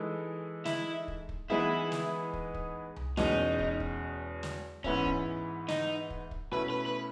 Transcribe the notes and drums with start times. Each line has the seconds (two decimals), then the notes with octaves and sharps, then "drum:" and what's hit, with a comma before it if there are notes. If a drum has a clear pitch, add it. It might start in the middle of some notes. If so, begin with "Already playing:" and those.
Already playing: E3 G#3 D#4 A4
0.65 E4, drum: snare
1.08 drum: kick
1.29 drum: kick
1.50 E3 G#3 B3 D#4 E4 G#4
1.92 drum: snare
2.34 drum: kick
2.54 drum: kick
2.96 drum: tom C2
3.17 E2 B2 G#3 C#4 D#4, drum: snare
3.59 drum: kick
3.80 drum: kick
4.43 drum: snare
4.84 G#2 E3 B3 C#4 E4, drum: kick
5.06 drum: kick
5.68 D#4, drum: snare
6.10 drum: kick
6.31 drum: kick
6.52 B2 A3 C#4 E4 B4
6.70 B4
6.86 B4